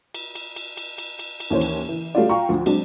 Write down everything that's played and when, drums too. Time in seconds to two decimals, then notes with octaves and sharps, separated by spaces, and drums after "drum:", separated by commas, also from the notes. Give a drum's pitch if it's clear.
0.14 drum: cymbal
0.35 drum: cymbal
0.56 drum: cymbal
0.77 drum: cymbal
0.98 drum: cymbal
1.19 drum: cymbal
1.40 drum: cymbal
1.50 D#2 E3 C#4 C5
1.61 drum: cymbal
1.89 E3
2.15 G3 A3 C#4 F4 F#4 D5
2.29 F4 G5 A#5 C#6
2.49 D2 F3
2.66 F#3 G#3 C4 D4, drum: cymbal